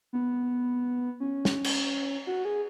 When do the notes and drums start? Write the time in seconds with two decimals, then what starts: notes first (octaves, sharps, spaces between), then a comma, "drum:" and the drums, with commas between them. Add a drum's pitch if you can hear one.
0.13 B3
1.20 C#4
1.45 drum: snare
1.64 drum: cymbal
2.27 F#4
2.45 G#4